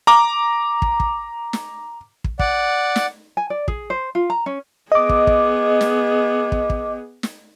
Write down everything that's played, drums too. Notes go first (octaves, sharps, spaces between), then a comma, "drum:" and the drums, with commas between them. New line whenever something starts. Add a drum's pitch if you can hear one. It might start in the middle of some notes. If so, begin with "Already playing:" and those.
A#5 D6
drum: kick
drum: kick
drum: snare
drum: kick
D5 F#5, drum: kick
drum: snare
G#5
D5
G#4, drum: kick
C5
F4
A#5
C#4
B3 G#4 D#5 D6
drum: kick
drum: kick
drum: snare
drum: kick
drum: kick
drum: snare